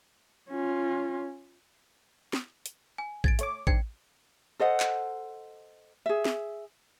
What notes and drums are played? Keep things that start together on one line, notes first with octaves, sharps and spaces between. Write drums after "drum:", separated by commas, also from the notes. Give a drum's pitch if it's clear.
C#4 F4
drum: snare
drum: hi-hat
G#5
G#2 G#6 A6 D7, drum: kick A1
A3 C#5 D6, drum: hi-hat
G#2 C4 D4 G5 G#6 C#7, drum: kick A1
A4 C5 D#5 F#5
drum: clap
G#4 E5
drum: snare